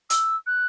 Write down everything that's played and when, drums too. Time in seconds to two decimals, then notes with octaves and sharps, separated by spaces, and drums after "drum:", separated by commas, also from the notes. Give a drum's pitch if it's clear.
0.10 E6, drum: hi-hat
0.46 F#6